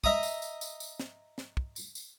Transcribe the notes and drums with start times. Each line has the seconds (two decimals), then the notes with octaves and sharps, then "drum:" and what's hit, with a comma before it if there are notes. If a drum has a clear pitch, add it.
0.04 D#5 E5 A#5 D#6, drum: kick
0.23 drum: tambourine
0.42 drum: tambourine
0.61 drum: tambourine
0.80 drum: tambourine
0.99 drum: snare
1.38 drum: snare
1.57 drum: kick
1.76 drum: tambourine
1.95 drum: tambourine